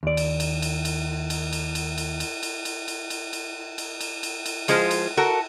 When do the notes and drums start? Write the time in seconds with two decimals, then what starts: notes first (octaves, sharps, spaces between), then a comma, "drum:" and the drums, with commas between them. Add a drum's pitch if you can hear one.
0.03 D#2 D5
0.17 drum: cymbal
0.40 drum: cymbal
0.62 drum: cymbal
0.85 drum: cymbal
1.30 drum: cymbal
1.53 drum: cymbal
1.75 drum: cymbal
1.98 drum: cymbal
2.20 drum: cymbal
2.43 drum: cymbal
2.65 drum: cymbal
2.88 drum: cymbal
3.10 drum: cymbal
3.33 drum: cymbal
3.78 drum: cymbal
4.01 drum: cymbal
4.23 drum: cymbal
4.46 drum: cymbal
4.68 F3 G#3 F4 C5, drum: cymbal
4.91 drum: cymbal
5.17 F#4 A4 A#4